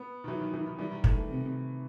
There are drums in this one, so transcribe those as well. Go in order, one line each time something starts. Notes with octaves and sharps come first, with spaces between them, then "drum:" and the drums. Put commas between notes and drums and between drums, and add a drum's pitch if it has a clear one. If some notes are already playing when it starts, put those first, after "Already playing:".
Already playing: B3
D#3
E3 F#3
D#3
E3
D#3
E3 G3
D#3
A3, drum: kick
A3
C3